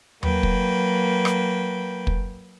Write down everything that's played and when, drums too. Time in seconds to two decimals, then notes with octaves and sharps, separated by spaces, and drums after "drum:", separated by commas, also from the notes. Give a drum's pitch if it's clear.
0.23 F#3 A#3 B4 G5, drum: tom D#2
0.43 drum: kick
1.25 drum: rim click
2.07 drum: kick